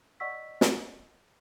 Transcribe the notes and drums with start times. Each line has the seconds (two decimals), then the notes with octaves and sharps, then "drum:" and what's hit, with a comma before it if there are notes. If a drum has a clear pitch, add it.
0.20 D5 D#5 F#5 C#6 E6 B6
0.61 drum: snare